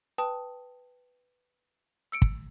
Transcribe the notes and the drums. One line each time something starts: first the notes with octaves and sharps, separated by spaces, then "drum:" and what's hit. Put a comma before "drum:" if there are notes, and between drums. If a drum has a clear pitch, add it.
B4 G5 A5 D#6
E6 C#7 D7
drum: kick